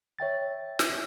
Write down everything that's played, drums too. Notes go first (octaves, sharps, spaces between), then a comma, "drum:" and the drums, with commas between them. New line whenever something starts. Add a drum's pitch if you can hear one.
C#5 E5 G5 A6
drum: snare